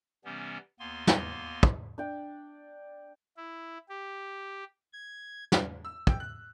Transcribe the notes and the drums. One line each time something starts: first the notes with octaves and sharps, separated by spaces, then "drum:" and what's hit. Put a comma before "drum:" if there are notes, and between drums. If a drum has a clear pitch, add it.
C3 E3 G3 B3 C#4
D#2 A#3 B3 G#5 C6
drum: snare
drum: kick
D4 G5
E4
G4
G#6
drum: snare
E6
G5, drum: kick
F#6